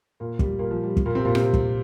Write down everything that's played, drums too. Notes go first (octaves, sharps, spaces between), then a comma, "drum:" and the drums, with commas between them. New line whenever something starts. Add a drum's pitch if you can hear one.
A#2 A#3
G3, drum: kick
A#2 A#3
F3
G3
drum: kick
A#2 A#3
C3 C4
A#2 A#3
C3 C4, drum: rim click
drum: kick